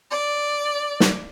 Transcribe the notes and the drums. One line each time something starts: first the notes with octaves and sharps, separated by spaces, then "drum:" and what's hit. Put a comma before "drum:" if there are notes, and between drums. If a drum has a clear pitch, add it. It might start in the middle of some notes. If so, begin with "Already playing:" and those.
D5
drum: snare